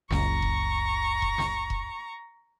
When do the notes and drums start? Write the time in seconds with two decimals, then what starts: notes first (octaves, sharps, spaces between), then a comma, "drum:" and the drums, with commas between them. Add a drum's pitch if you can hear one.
0.10 F#1 C#2 A#5 C#6, drum: snare
0.42 drum: kick E1
1.22 drum: kick E1
1.38 drum: snare
1.70 drum: kick E1